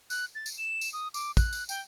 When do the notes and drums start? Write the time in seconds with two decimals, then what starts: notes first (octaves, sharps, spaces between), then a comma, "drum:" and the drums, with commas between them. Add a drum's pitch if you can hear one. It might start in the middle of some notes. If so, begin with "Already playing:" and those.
0.10 F#6, drum: tambourine
0.35 A6
0.46 drum: tambourine
0.58 E7
0.81 drum: tambourine
0.93 D#6
1.14 D6, drum: tambourine
1.37 F#6, drum: kick, tambourine
1.53 drum: tambourine
1.69 G5, drum: tambourine